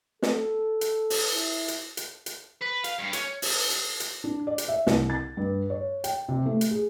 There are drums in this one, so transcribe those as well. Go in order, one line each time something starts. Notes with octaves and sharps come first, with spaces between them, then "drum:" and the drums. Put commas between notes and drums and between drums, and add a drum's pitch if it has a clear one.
A4, drum: snare
drum: hi-hat
drum: open hi-hat
E4
drum: hi-hat
drum: hi-hat
drum: hi-hat
B4
F5, drum: hi-hat
G2
C#4, drum: hi-hat
drum: open hi-hat
drum: hi-hat
drum: hi-hat
D4
D5
drum: hi-hat
E5
C2, drum: snare
A6
G2
C#5
G5, drum: hi-hat
C3
A3
drum: hi-hat
G#4